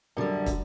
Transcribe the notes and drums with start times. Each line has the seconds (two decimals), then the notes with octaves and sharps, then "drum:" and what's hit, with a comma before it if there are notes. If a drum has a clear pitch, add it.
0.17 F#2 D3 G3
0.46 drum: kick, hi-hat